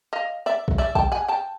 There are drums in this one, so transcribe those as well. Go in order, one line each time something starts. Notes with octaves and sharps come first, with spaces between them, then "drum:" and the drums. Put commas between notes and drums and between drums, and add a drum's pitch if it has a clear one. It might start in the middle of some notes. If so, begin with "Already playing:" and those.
D#5 F5
D5 E5
drum: kick B1
D5 E5
G5 A5, drum: kick B1
F#5 G#5
G5 A5